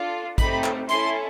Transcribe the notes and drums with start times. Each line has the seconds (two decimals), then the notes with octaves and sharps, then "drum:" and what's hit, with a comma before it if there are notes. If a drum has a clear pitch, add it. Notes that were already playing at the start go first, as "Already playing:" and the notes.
Already playing: D4 F4 A4
0.38 A3 C4 D#4 G4 B5, drum: kick A1, hi-hat
0.64 drum: clap
0.89 C#4 E4 A4 C6, drum: hi-hat